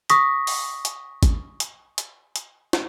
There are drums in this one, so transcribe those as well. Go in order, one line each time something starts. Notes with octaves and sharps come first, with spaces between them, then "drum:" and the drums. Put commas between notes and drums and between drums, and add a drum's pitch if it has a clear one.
C#6 D#6 A#6 B6, drum: hi-hat
drum: open hi-hat
drum: hi-hat
drum: kick A1, hi-hat
drum: hi-hat
drum: hi-hat
drum: hi-hat
drum: snare